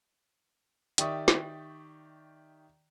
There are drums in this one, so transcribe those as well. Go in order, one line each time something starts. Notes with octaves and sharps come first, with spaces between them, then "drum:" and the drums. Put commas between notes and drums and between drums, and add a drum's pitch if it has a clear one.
D#3 G4 D5 E5 C#6 D#6, drum: hi-hat
drum: snare